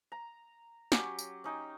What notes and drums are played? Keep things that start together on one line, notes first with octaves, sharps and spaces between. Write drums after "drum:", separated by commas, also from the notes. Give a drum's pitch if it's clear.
A#5
F#3 C#4 G4, drum: snare
drum: tambourine
C#4 D#4 G5